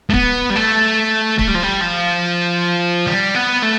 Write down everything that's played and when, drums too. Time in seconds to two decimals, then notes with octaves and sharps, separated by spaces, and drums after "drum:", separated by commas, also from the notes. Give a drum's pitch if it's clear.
0.10 A3
0.14 B3, drum: kick
0.50 G3
0.56 A3
1.39 A3, drum: kick
1.48 G3
1.55 F3
1.63 G3
1.81 F3
3.07 G3
3.35 B3
3.63 A3